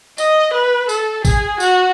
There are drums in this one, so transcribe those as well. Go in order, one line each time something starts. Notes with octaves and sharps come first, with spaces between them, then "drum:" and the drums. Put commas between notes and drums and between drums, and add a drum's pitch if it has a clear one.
D#5, drum: tambourine
B4
A4, drum: tambourine
G#4, drum: kick A1, tambourine
F#4, drum: tambourine